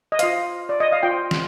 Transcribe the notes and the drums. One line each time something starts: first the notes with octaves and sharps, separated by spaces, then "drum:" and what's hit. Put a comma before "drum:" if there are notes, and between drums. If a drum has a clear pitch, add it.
D#5
F4 C5 F5, drum: hi-hat
D5
D#5
F5
F4 C5 G5
drum: snare